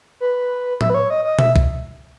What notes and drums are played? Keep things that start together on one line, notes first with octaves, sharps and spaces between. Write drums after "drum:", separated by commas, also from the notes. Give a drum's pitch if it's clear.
B4
E5, drum: tom A2
B4
C#5
D#5
D#5
E5, drum: tom B2
drum: kick